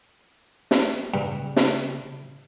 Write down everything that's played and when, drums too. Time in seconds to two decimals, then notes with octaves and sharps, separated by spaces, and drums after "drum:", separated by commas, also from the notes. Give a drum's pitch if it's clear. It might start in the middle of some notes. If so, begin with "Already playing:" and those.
0.71 drum: snare
1.14 G2 C#3
1.56 drum: snare